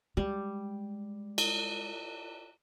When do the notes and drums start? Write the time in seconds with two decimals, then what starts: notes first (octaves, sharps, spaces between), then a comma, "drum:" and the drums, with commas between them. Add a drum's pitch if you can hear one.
0.17 G3 G#3
1.38 drum: cymbal